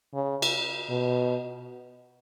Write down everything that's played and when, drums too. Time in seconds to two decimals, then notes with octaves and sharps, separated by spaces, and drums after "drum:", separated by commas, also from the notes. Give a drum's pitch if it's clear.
0.13 C#3
0.42 drum: cymbal
0.90 B2